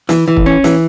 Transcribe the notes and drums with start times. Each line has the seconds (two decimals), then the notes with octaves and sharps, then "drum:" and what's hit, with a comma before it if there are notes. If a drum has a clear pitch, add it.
0.09 E3, drum: snare
0.28 E3
0.37 drum: kick
0.46 C#4
0.64 E3, drum: snare